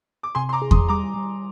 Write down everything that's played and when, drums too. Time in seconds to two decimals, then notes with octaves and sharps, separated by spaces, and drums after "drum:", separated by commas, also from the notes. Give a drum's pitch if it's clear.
0.23 D6
0.35 C3 G#5 C6
0.49 C6
0.53 A#5 D6
0.62 G#4
0.71 C6 D#6, drum: kick E2
0.89 G3 A#5 D6
1.16 G3